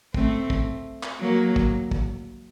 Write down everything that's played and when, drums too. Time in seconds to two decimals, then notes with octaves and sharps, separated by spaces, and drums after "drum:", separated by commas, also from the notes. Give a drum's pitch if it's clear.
0.14 A3 C4, drum: kick
0.50 drum: kick
1.03 drum: clap
1.20 F#3 A#3
1.56 drum: kick
1.91 drum: kick